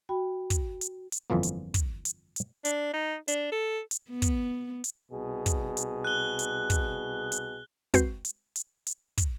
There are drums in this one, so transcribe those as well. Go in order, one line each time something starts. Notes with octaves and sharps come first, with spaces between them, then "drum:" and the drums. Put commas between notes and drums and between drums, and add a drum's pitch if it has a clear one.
F#4 G5 B5
drum: kick, hi-hat
drum: hi-hat
drum: hi-hat
G1 F2 E3 F3 A#3
drum: hi-hat
drum: kick, hi-hat
drum: hi-hat
drum: hi-hat
D4, drum: hi-hat
D#4
D4, drum: hi-hat
A4
drum: hi-hat
B3
drum: kick, hi-hat
drum: hi-hat
C2 B2 G#4
drum: kick, hi-hat
drum: hi-hat
F#6 G7
drum: hi-hat
drum: kick, hi-hat
drum: hi-hat
G#3 C4 F#4 B4 G6 C7, drum: kick, hi-hat
drum: hi-hat
drum: hi-hat
drum: hi-hat
drum: kick, hi-hat